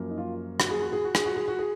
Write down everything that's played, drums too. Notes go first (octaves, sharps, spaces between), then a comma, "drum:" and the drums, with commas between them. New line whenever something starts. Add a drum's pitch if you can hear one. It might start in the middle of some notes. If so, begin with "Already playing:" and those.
Already playing: F#2 F3 A#3
D#4
F4
F#4, drum: rim click
G#4
F#4
G#4
F#4
G#4, drum: rim click
F#4
G#4
F#4
G#4